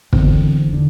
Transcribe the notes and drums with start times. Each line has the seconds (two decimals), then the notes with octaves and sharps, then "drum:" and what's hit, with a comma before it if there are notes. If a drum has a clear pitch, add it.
0.13 E2 D3 C4, drum: kick
0.73 D3